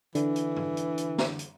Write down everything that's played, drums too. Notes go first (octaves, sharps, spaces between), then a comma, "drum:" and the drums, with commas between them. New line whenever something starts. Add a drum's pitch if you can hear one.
D3 E3, drum: hi-hat
drum: hi-hat
drum: tom G#2
drum: hi-hat
drum: hi-hat
drum: snare
drum: hi-hat